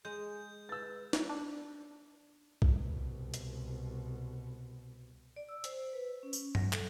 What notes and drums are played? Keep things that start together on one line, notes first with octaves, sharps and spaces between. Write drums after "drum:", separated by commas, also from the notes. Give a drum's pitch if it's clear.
G#3 G#4 G6
B4 E6 A6
drum: snare
D4
drum: kick B1
C2 B2
drum: hi-hat
D5
E6
C5, drum: hi-hat
B4
C#4
drum: tambourine
F#3, drum: tom G2
A4, drum: clap